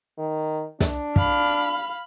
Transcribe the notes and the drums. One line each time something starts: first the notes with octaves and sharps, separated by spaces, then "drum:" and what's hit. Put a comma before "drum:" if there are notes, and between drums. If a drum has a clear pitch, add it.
D#3
D4, drum: snare
F5 B5, drum: kick